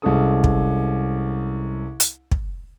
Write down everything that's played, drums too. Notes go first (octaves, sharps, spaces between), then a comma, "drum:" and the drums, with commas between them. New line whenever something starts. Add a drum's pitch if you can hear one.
C2 G#3 C#4 A4 D#6
drum: kick
drum: hi-hat
drum: kick